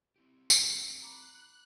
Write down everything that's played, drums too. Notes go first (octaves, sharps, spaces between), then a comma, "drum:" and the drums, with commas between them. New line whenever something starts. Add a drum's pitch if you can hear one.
C4 E4 G4
drum: tambourine
A#5 B5 D6 F#6